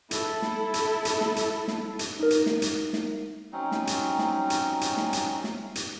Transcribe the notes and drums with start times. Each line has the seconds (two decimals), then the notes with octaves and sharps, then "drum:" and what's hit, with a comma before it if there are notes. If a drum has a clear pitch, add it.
0.11 E4 A4, drum: hi-hat
0.42 drum: snare
0.74 drum: hi-hat
1.05 drum: hi-hat
1.21 drum: snare
1.36 drum: hi-hat
1.68 drum: snare
1.99 drum: hi-hat
2.20 D#4 A#4
2.30 drum: hi-hat
2.46 drum: snare
2.62 drum: hi-hat
2.93 drum: snare
3.53 F#3 C4 C#4 D#4
3.72 drum: snare
3.87 drum: hi-hat
4.19 drum: snare
4.50 drum: hi-hat
4.81 drum: hi-hat
4.97 drum: snare
5.13 drum: hi-hat
5.44 drum: snare
5.75 drum: hi-hat